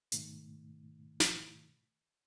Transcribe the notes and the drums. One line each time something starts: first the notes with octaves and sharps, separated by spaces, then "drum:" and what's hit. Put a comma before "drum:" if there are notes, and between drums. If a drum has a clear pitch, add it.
G#2 B2 D#3 A3, drum: hi-hat
drum: snare